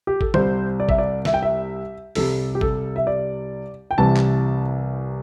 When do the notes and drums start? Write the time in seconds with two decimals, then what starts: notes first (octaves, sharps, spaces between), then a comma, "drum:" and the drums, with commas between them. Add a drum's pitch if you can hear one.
0.07 G4
0.21 A4, drum: kick G#1
0.34 C2 C3 G3 C5, drum: tom
0.80 D5
0.89 E5, drum: kick G#1
0.98 D5
1.25 E5, drum: snare
1.34 G5
1.42 E5
2.15 C2 C3 G3 A4, drum: open hi-hat
2.55 G4
2.61 A4, drum: kick G#1
2.96 E5
3.07 D5
3.91 G5
3.98 C2 C3 E3 G3 A5
4.16 drum: clap